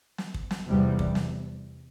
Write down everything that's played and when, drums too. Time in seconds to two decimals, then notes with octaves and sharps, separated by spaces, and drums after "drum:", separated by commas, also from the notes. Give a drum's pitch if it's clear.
0.18 drum: snare
0.34 drum: kick
0.51 drum: snare
0.66 F1 E2 C3 G3
0.99 drum: kick
1.15 drum: snare